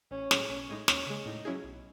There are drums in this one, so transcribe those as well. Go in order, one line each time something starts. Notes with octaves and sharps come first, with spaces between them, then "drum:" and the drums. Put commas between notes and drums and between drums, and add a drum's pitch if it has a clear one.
A1 C#4
A2 F#3 C#4 G#4, drum: snare
B1 C#4
A2 G#3 D#4
D#2 C#4, drum: snare
C#3 G#3
A2 D#4
F#3 C#4 E4 G#4
B1